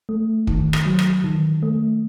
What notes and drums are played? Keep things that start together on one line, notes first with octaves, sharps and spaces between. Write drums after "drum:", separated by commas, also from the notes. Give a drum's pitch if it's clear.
A3
D#3, drum: kick
drum: rim click
F#3
drum: rim click
D#3
A3